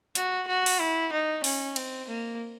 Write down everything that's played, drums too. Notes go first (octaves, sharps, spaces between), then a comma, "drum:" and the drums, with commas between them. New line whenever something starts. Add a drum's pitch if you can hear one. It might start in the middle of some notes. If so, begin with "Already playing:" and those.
F#4, drum: hi-hat
F#4
drum: open hi-hat
E4
D#4
C#4, drum: open hi-hat
C4, drum: cymbal
A#3